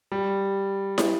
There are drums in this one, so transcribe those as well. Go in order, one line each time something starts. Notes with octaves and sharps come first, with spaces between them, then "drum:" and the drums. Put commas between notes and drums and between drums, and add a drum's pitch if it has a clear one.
G3
drum: snare